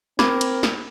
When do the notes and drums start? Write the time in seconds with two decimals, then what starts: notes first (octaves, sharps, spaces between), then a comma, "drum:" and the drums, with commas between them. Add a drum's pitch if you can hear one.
0.19 C4 A#4 B5 D6 G#6, drum: snare
0.41 drum: cymbal
0.63 drum: snare